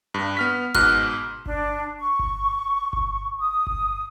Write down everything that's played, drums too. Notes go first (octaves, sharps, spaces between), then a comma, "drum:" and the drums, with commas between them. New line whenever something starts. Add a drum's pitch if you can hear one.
G2
B3 F6 B6
G#2 B2 F6 F#6, drum: kick G1
D4, drum: kick G1
C#6
drum: kick G1
drum: kick G1
D#6
drum: kick G1